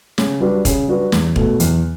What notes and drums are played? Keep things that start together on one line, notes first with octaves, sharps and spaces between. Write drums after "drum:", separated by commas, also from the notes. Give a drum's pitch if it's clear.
C#3, drum: snare
G3 D4 F#4 B4
C#3, drum: kick E1, hi-hat
G3 D4 F#4 B4
E2, drum: snare
B2 A3, drum: kick E1
E2, drum: hi-hat